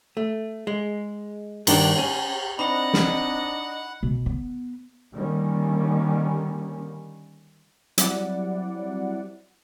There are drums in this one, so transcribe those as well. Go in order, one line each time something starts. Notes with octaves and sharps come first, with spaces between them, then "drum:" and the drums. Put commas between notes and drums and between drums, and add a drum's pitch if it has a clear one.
A3
G#3
G2 D#3 D4, drum: cymbal
C#4
C4 D4 D#4 D#5 F#5 B5
drum: snare
B2
B3
D3 D#3 G3 A#3 C#4
F#3 G3 C4 E4 D5 F#5, drum: hi-hat